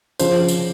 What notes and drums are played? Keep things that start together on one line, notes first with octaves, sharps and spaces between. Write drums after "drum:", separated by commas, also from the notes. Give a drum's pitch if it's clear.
C#3 F3 C5, drum: tambourine
drum: tambourine